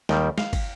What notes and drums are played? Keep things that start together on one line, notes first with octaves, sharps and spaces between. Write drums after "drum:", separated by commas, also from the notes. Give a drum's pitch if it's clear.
D#2 D#3 G3 G5, drum: snare
F5, drum: snare
drum: kick, cymbal